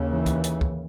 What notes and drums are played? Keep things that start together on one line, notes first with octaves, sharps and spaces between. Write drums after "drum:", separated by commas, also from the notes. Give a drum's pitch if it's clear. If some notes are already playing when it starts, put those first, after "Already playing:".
Already playing: D#2 C#3
E3
drum: kick, hi-hat
drum: hi-hat
drum: kick